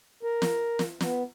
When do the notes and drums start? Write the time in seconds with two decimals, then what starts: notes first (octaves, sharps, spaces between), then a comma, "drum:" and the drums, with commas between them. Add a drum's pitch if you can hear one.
0.23 A#4
0.42 drum: snare
0.79 drum: snare
1.01 B3, drum: snare